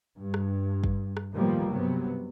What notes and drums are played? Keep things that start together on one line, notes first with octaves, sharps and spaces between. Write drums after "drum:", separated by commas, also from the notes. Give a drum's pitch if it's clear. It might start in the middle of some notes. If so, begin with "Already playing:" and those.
G2
drum: rim click
drum: kick
drum: rim click
A2 D#3 F3 G3 A#3 B3
G2 C3 F#3 B3